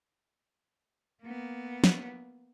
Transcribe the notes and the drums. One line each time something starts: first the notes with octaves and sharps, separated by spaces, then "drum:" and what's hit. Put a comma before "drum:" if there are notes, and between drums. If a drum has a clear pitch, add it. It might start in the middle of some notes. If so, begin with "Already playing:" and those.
A#3 B3
drum: snare